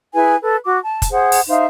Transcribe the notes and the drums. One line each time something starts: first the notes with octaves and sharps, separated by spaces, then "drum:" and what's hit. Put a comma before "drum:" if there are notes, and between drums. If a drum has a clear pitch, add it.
E4 G#4 B4 G#5
A4 B4
F#4 D6
A5
drum: kick, hi-hat
G#4 C5 F#5
drum: open hi-hat
D#4 C5 E5 F5